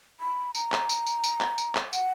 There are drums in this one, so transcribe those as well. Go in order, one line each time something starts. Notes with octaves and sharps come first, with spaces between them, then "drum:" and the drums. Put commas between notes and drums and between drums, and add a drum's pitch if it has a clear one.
B5
A#5, drum: tambourine
drum: clap
drum: tambourine
drum: tambourine
drum: tambourine
drum: clap
drum: tambourine
drum: clap
F#5, drum: tambourine